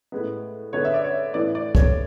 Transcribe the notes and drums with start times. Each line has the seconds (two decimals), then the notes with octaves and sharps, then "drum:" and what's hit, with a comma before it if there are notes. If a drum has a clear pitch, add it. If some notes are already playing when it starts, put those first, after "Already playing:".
0.12 A2 G#3 B3
0.73 D3 G#3 B3 C#5
0.85 E5
0.94 D5
1.04 C#5
1.34 A2 E3 B3 D5
1.55 D5
1.75 C#5, drum: kick